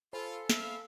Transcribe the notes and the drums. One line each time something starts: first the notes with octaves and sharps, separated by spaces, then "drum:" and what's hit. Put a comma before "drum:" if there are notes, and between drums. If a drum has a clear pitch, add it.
F4 A4 C5 G#5 B5
E5 F5, drum: snare